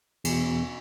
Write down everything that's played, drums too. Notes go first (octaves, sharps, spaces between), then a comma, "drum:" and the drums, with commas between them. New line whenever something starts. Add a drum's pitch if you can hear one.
E2 B2, drum: cymbal